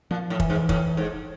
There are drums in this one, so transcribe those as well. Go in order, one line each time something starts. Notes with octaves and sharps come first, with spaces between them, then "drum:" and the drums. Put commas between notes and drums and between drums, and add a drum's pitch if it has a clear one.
A#2 F3
A2
E3, drum: kick
G#2
A2, drum: kick
G#2